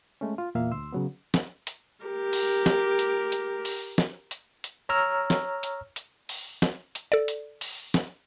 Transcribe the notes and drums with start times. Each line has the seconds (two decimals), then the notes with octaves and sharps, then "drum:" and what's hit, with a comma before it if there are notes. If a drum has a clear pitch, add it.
0.21 G#3 A3 C#4
0.38 F4
0.55 E2 A#2 A#3 E5 F5
0.72 D2 C6 E6
0.92 C#3 F#3 B3
1.34 drum: snare
1.67 drum: hi-hat
2.06 G4 A#4
2.33 drum: open hi-hat
2.66 drum: snare
2.99 drum: hi-hat
3.32 drum: hi-hat
3.65 drum: open hi-hat
3.98 drum: snare
4.31 drum: hi-hat
4.64 drum: hi-hat
4.89 C#5 A#5 E6 F6
5.30 drum: snare
5.63 drum: hi-hat
5.96 drum: hi-hat
6.29 drum: open hi-hat
6.62 drum: snare
6.95 drum: hi-hat
7.12 A4 D5
7.28 drum: hi-hat
7.61 drum: open hi-hat
7.94 drum: snare